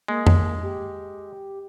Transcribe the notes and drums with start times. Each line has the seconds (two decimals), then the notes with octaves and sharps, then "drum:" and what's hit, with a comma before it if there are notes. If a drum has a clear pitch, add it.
0.08 G#3 A#3
0.27 drum: tom F2
0.63 G4